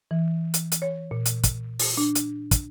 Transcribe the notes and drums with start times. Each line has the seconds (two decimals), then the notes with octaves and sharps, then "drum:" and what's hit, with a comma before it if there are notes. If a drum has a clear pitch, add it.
0.11 E3
0.54 drum: hi-hat
0.72 drum: hi-hat
0.82 C#5
1.11 A#2
1.26 drum: hi-hat
1.44 drum: kick, hi-hat
1.79 drum: open hi-hat
1.97 D4
2.15 drum: hi-hat
2.51 drum: kick, hi-hat